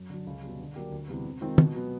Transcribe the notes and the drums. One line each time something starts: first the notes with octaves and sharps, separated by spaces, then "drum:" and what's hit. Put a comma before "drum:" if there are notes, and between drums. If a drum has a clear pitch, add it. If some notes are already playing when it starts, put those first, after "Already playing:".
Already playing: F#2
D3 F#3
C#2
B2 G3
D3
F#3 A#3 D4 G4
D2
C3 E3 G3 B3
C3
D#3 G#3 C4 F4
B2, drum: tom
F#3 B3